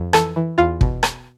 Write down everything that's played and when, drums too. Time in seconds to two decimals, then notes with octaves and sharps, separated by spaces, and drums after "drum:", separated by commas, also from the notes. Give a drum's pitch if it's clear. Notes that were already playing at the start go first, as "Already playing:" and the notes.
Already playing: F2
0.13 E3 A4 A5, drum: rim click
0.36 E3
0.58 E2 F4 F5
0.81 B2, drum: kick
1.03 drum: rim click